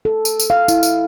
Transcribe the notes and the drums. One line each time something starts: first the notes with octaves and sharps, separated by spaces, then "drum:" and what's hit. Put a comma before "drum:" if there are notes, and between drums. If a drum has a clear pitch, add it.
A4
drum: tambourine
drum: tambourine
F5
E4, drum: tambourine
drum: tambourine